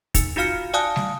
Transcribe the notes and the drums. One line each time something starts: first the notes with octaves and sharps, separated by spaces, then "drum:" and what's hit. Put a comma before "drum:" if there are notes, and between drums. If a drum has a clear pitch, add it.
D#4, drum: kick, hi-hat
D#4 F4 F#4 F5 F6 C#7
D5 F5 G#5 A5 D#6 F#6
drum: snare G3